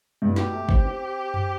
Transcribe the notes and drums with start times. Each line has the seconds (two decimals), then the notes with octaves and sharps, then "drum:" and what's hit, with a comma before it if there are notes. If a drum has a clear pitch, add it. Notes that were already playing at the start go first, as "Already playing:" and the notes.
0.22 G2
0.29 A2
0.36 B2 G4, drum: snare
0.53 A3
0.69 C4, drum: kick
0.85 C4
1.34 drum: tom F#2